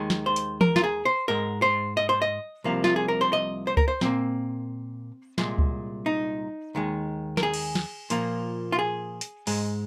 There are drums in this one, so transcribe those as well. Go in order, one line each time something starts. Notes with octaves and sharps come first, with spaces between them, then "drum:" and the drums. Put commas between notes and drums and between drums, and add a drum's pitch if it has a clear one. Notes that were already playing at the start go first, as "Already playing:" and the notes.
Already playing: D#2 D#3 G#3
drum: snare
C5
drum: hi-hat
A#4, drum: tom E3
F4, drum: snare
G#4
C5
G#2 G#3 A#4
C5
D#5
C5
D#5
C2 C3 F3 A#3
F4, drum: snare
G#4
A#4
C5
D#5
C5
A#4, drum: kick C#2
C5
A#2 A#3 C4, drum: snare
C2 A#2 G#3, drum: snare
drum: kick C#2
D#4
D#2 D#3 G#3
A#4, drum: snare
G#4
drum: cymbal
drum: snare
A#2 F3 A#3, drum: hi-hat
F4
G#4
drum: hi-hat
G#2 G#3, drum: open hi-hat